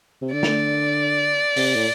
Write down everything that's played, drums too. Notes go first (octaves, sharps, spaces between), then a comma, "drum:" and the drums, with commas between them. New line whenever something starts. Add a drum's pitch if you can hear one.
C3
D3 D5
drum: snare
C3, drum: open hi-hat
A2